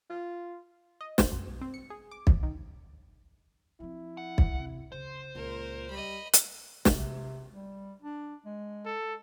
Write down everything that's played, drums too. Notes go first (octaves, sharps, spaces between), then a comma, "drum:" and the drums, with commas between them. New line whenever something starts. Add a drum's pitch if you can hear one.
F4
D#5
C5, drum: snare
F#2
B1
C4
C#7
G#4
D6
B1, drum: kick
D#3
F3 C4 E4
F#5
drum: kick
C3 C4
C#3 C5
C#2 A#2 A#4
G3 D#5 B5
drum: hi-hat
C3, drum: snare
G3
D4
G#3
A4